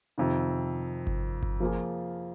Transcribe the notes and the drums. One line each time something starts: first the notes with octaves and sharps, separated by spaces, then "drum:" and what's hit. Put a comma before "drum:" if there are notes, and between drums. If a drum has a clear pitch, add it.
F2 C3 D#3
drum: kick G1
drum: kick G1
F3 A#3 F4 G#4